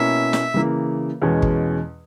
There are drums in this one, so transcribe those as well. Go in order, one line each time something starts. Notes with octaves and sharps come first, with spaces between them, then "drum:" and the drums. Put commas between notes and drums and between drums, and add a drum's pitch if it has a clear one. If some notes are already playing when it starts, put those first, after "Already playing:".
Already playing: B2 A#3 C#4 E4 E5
drum: snare
C#3 E3 A#3
E2 B2 G#3 C#4
drum: kick